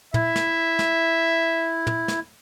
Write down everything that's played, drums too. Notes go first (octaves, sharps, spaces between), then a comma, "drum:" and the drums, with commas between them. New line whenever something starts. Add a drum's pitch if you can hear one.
E4 E5, drum: tom
drum: snare
drum: snare
drum: tom
drum: snare